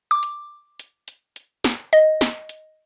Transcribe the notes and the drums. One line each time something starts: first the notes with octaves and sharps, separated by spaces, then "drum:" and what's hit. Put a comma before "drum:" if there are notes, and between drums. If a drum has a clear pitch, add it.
D6
drum: hi-hat
drum: hi-hat
drum: hi-hat
drum: hi-hat
drum: snare
D#5, drum: hi-hat
drum: snare
drum: hi-hat